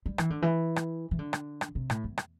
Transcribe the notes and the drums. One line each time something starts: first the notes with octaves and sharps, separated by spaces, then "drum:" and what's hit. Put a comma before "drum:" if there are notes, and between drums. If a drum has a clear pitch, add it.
G3
E3, drum: rim click
D3
E3
drum: rim click
E3
D3
drum: rim click
drum: rim click
C3
A2, drum: rim click
E2
drum: rim click